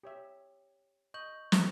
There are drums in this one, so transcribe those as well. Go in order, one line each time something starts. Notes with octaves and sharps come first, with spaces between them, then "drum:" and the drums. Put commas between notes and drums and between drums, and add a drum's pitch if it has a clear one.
G4 C#5 E5
D#5 C#6 G6 F#7
drum: snare